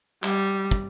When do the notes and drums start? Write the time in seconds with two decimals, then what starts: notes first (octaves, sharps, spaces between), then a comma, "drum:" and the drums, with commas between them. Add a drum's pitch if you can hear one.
0.24 G3, drum: clap
0.71 drum: kick